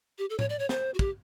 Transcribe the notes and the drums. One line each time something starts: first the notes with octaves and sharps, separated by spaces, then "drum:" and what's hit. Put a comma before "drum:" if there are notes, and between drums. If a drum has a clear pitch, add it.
G4
A4
C#5, drum: tom A2
D5
C#5
C5, drum: snare
F#4
G4, drum: kick